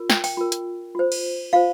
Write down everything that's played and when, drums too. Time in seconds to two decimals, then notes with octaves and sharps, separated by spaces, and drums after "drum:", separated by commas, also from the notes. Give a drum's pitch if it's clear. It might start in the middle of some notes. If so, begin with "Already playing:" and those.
Already playing: F4 A#4
0.10 G5, drum: snare
0.24 G5, drum: open hi-hat
0.37 F4 A#4
0.52 drum: hi-hat
0.95 F4 C5
1.12 drum: cymbal
1.53 F4 C5 F5